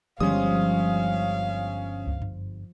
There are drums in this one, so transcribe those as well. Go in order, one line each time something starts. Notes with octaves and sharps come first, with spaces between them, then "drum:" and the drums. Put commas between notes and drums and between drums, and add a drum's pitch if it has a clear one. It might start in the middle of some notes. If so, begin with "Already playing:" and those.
G1 F3 G3 G#3 C#4 F5 D#6, drum: tom D3
drum: kick C#2
drum: tom F#2